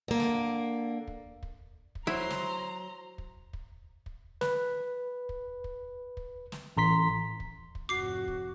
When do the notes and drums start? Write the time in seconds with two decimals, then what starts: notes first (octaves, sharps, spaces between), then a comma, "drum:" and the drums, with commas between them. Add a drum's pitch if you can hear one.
0.08 D3 A#3
0.20 drum: snare
1.07 drum: kick
1.43 drum: kick
1.95 drum: kick
2.07 F#3 E4 C5 A#5 C6
2.30 drum: snare
3.18 drum: kick
3.53 drum: kick
4.06 drum: kick
4.41 B4, drum: snare
5.29 drum: kick
5.64 drum: kick
6.17 drum: kick
6.52 drum: snare
6.77 A1 A#5 C6 B6
7.40 drum: kick
7.75 drum: kick
7.89 F1 G#2 F#4 D6 C7
8.28 drum: kick